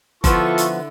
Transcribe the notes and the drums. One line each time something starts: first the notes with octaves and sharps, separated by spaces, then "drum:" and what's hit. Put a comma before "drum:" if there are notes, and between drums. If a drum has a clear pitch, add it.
D3 F3 B3 E4 F4 A4 C#6, drum: kick F#1, hi-hat
drum: hi-hat